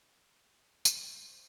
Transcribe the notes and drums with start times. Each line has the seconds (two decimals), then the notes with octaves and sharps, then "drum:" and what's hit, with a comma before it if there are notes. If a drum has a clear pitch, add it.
0.85 G#3 C5, drum: tambourine